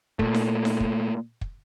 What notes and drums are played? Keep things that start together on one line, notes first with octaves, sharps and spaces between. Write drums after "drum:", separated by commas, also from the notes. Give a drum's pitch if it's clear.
A#2 A3, drum: kick
drum: snare D#4
drum: snare D#4
drum: kick
drum: kick